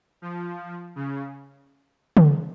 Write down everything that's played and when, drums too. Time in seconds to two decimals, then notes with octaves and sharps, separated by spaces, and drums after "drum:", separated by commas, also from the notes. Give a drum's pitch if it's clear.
0.22 F3
0.96 C#3
2.17 drum: tom